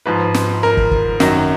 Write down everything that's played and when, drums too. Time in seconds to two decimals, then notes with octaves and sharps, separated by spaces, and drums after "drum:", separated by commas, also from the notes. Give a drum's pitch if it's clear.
0.06 G#2 F3 B4
0.34 drum: snare
0.63 A#4
0.77 drum: kick
0.91 drum: kick
1.20 F#2 D#3 F#3, drum: snare